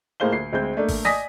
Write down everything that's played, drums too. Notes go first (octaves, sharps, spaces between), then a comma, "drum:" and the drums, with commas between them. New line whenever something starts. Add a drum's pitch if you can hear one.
A2 A#3 G#4 C5 F5 G7
D2 C7
D2 G#3 C4 G6
A3 A#3 D4
drum: kick G#1, open hi-hat
D5 D#5 G#5 D#6 A#6 B6, drum: snare